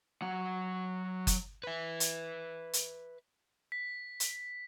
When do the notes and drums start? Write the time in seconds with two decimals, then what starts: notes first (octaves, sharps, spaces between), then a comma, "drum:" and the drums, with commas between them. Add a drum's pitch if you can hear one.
0.22 F#3 F#5
1.27 drum: kick F#1, hi-hat
1.64 B4 E5
2.00 drum: hi-hat
2.73 drum: hi-hat
3.72 B6
4.20 drum: hi-hat